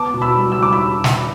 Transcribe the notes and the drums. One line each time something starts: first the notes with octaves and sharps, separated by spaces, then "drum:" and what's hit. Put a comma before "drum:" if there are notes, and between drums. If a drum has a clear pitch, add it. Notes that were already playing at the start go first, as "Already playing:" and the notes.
Already playing: B3 A5 D6
B2
B5 E6
G3
E6
G3 D6
B5 E6
drum: snare